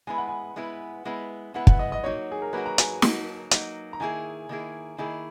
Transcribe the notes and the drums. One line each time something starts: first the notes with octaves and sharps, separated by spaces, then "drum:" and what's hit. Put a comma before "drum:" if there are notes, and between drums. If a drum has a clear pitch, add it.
G#3 B3 E4 B4 G#5
F#5
G#5
G#3 B3 E4 B4
G#3 B3 E4 B4
G#3 B3 E4 B4 F#5
F#5, drum: kick
D#5
D#5
F#3 A#3 D#4 F#4 C#5
G#4
A#4
F#3 A#3 D#4 F#4 B4
A#5
G#5, drum: hi-hat
F#3 A#3 D#4 F#4, drum: snare
F#3 A#3 D#4 F#4, drum: hi-hat
A#5
D#3 A#3 E4 G#4 G#5
D#3 A#3 E4 G#4
D#3 A#3 E4 G#4 G#5